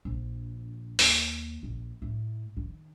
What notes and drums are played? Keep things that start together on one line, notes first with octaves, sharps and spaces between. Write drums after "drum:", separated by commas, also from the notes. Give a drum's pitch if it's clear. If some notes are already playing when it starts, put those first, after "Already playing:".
A#1
D#2, drum: open hi-hat
A#1
A2
D#3